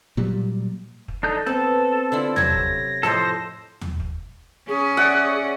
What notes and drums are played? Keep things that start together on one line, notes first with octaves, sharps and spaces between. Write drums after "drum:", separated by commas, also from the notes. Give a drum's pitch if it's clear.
A#2 F#3 G3
drum: kick
D4 D#4 A4 G6
B3 C4 A4
D3 E4 F4
C3 F#3 G#6 A#6, drum: tom D#2
drum: kick
F2 A2 A4 C5 D#5
drum: tom D#2
drum: kick
C#4 G#4
D5 E5 F#5